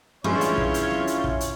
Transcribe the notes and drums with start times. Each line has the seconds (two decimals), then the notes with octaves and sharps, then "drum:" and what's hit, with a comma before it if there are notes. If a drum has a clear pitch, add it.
0.24 G2 E3 G#3 C#4 E4 F4 C#5 G6
0.41 drum: hi-hat
0.58 drum: kick
0.74 drum: hi-hat
0.91 drum: snare
1.07 drum: hi-hat
1.24 drum: kick
1.41 drum: hi-hat